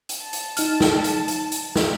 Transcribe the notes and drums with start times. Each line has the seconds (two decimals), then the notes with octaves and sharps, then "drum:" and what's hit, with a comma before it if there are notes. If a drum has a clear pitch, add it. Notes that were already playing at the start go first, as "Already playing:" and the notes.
0.09 drum: hi-hat
0.22 A5
0.33 drum: hi-hat
0.57 D#4 F6, drum: hi-hat
0.80 drum: snare
1.04 drum: hi-hat
1.28 drum: hi-hat
1.52 drum: hi-hat
1.76 drum: snare